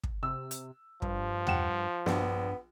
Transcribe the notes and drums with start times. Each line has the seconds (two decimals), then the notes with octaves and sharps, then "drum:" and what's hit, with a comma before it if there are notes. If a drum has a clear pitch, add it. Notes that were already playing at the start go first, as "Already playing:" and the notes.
0.04 drum: kick
0.23 C3 E6
0.51 drum: hi-hat
1.02 G2 F3, drum: kick
1.47 F#5 G5 E7, drum: tom E2
2.06 A#1 G2 B3, drum: snare